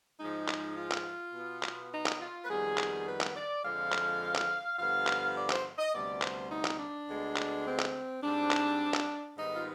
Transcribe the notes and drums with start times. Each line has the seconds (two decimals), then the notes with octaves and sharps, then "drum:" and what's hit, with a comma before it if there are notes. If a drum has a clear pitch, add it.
0.20 G#2 F3 G#3 D#4
0.48 drum: clap
0.77 F4
0.91 drum: clap
1.34 B2 B3
1.63 drum: clap
1.92 D#4
2.06 drum: clap
2.21 F4
2.44 B4
2.49 F2 D#3 G3 B3 G#4
2.78 drum: clap
3.06 B4
3.21 drum: clap
3.36 D5
3.63 F2 D3 F3 G#3 F5
3.92 drum: clap
4.35 drum: clap
4.78 G2 D3 F3 B3 F5
5.07 drum: clap
5.36 D5
5.50 C5, drum: clap
5.79 D#5
5.93 D2 C3 G3 B3 D5
6.22 C5, drum: clap
6.51 D#4
6.65 drum: clap
6.79 D4
7.08 D2 D3 G#3 B3
7.36 drum: clap
7.65 C4
7.79 drum: clap
8.22 G#2 G3 C4 D4
8.51 drum: clap
8.94 drum: clap
9.37 G#2 D#3 G3 B3 D#4
9.55 F4